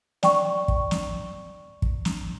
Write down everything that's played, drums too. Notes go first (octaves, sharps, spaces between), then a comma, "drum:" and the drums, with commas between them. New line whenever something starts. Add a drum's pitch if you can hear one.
D5 G5 C#6, drum: snare
drum: kick
drum: snare
drum: kick
drum: snare